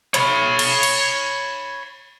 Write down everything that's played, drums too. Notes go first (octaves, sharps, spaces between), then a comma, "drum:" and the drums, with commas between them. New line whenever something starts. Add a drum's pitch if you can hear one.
C#5 B5, drum: hi-hat
drum: cymbal
drum: cymbal